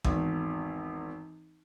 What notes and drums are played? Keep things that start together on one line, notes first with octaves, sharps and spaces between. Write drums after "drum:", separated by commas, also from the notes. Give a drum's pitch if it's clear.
G#1 E2, drum: kick G#1